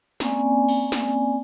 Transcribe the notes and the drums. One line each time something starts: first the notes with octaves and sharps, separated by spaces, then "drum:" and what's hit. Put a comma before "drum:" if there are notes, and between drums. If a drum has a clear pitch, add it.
A#3 C4 C#4 D5 G#5, drum: snare
drum: cymbal
drum: snare